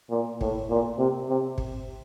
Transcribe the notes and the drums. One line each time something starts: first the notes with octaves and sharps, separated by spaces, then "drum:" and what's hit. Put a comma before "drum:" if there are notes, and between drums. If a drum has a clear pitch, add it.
A#2
A2, drum: kick G#1
A#2
C3
C3
drum: kick G#1